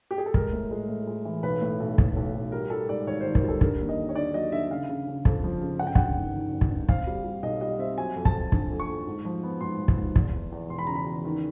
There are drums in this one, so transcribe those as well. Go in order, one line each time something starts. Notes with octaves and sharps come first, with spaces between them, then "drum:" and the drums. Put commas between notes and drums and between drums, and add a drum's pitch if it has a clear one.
G4
G#4
A4
G#3 A#4, drum: kick
A2
G#3
A2
G#3
E3
B1 B4
A2
B1
A2, drum: kick
B1
B1
G3 A#4
G3 A4
G#2 D5
G#1 C#5
D#3 C5
A#4, drum: kick
G3
A4
D3 A#4, drum: kick
D#2
D#5
D3
C#5
D3 D5
F#3 D#5
D3 E5
C#3 F5
C#3
C#3
F2, drum: kick
F3
C#3
G1 F#5
G5
G2 F#5, drum: kick
D#3
D#3
G1
drum: kick
G2
C4 F5, drum: kick
G3
G3
B1 D#5
G3 D#5
C4 E5
F#3 G#5
F2
A5, drum: kick
F2
D3, drum: kick
F2
C#6
F2
G#2
F3
B3
G#2 C6
F3
drum: kick
G#2
E2, drum: kick
E2
E2
E1 C6
B5
C#3 A#5
B5
E2
D#3